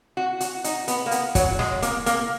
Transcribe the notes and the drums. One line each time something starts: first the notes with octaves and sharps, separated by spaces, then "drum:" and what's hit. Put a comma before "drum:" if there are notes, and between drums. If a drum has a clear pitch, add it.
F#4
F#4, drum: hi-hat
D#4, drum: hi-hat
B3, drum: hi-hat
A#3
B3, drum: hi-hat
F#3, drum: kick, hi-hat
G#3, drum: snare
A#3, drum: hi-hat
A#3, drum: hi-hat